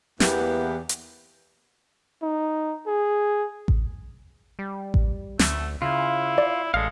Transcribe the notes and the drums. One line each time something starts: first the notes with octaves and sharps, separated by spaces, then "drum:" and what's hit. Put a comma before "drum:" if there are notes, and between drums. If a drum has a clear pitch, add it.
E2 E3 A#3 B3 G4, drum: snare
drum: hi-hat
D#4
G#4
drum: kick A1
G3
drum: kick A1
D2 A3, drum: snare
C#3 E4 F4
D5
A1 G#3 A4 F5